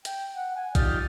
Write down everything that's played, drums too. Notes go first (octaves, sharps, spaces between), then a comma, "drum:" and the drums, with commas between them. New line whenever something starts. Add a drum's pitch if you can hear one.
G5, drum: hi-hat
F#5
G#5
D#4 F4 G4 D5, drum: kick A#1, hi-hat